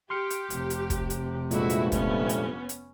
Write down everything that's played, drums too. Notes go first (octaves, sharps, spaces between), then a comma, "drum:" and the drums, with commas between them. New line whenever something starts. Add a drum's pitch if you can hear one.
G4 C6 F6 C#7
drum: hi-hat
F1 C3, drum: hi-hat
drum: hi-hat
drum: kick, hi-hat
drum: hi-hat
G2 A#2 F3 G#3 A3 E4 F#4, drum: hi-hat
drum: hi-hat
B3 C#4, drum: kick, hi-hat
drum: hi-hat
drum: hi-hat